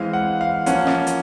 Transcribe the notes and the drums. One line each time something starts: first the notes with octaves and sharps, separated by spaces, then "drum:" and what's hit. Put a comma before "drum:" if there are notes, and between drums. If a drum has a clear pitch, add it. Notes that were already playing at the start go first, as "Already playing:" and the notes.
Already playing: E3 G#3 C4 F5
F#5
F5
F3 A#3 C#4 F#5, drum: hi-hat
drum: rim click
drum: hi-hat